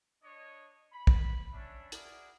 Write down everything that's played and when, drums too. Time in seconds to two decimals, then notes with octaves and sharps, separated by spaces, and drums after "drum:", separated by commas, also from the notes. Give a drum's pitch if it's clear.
0.23 D4 C#5 D#5
0.93 B5
1.07 drum: kick
1.53 C#4 D4 E5
1.92 E4 F#4 G#4 A#4 B4 D5, drum: hi-hat